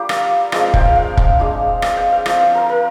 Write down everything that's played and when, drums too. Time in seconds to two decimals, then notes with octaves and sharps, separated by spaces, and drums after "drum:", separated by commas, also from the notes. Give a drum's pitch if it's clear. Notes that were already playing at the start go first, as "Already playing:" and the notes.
Already playing: G3 D4 F4 G4 A#4 D5
0.09 F5, drum: rim click
0.52 F3 G#3 C4 F4 G5, drum: rim click
0.64 F5
0.74 G5, drum: kick
0.85 F5
0.95 F5
1.17 drum: kick
1.39 G#3 D4 F4
1.82 F5, drum: rim click
1.97 G5
2.12 F5
2.26 F3 C4 F4 F5, drum: rim click
2.41 F5
2.55 A#4
2.69 A#4